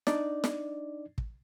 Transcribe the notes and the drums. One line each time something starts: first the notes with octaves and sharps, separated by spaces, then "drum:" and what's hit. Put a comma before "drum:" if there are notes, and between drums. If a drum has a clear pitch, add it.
D4 D#4 D5, drum: snare
drum: snare
drum: kick